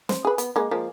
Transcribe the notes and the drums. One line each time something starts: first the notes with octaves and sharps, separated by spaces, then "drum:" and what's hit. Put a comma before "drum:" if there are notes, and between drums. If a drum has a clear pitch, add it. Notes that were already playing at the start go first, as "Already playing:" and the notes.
C5, drum: snare
G#4 B4
B3, drum: hi-hat
G#3 A#3
F3 G#3 A#3